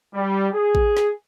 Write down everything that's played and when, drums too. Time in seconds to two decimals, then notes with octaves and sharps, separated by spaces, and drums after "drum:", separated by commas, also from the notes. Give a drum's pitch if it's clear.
0.14 G3
0.53 G#4
0.75 drum: kick A1
0.97 drum: snare